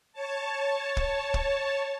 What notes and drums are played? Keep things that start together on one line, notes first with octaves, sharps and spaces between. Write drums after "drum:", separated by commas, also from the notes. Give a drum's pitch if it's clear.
C#5 A5
drum: kick
drum: kick